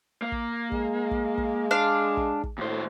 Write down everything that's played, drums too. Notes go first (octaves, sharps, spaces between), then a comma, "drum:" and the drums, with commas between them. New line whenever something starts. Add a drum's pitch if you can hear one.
A#3
drum: kick
G#3, drum: kick
drum: kick
drum: kick
D4 F5 C6
drum: kick
drum: kick
D#2 A2 C5